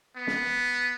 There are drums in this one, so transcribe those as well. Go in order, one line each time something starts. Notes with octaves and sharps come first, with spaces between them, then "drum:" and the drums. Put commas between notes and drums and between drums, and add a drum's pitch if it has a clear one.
B3
drum: snare